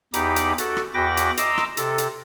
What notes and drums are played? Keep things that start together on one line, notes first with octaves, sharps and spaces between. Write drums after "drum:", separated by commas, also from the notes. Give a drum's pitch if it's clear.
E2 D#4 G4 B5 D6, drum: hi-hat
drum: hi-hat
F#4 A4, drum: hi-hat
drum: rim click
E2 F#4 G5 B5 D6 A#6
drum: hi-hat
D#5 A#5 C6 D6 E6, drum: hi-hat
drum: rim click
C3 A4, drum: hi-hat
drum: hi-hat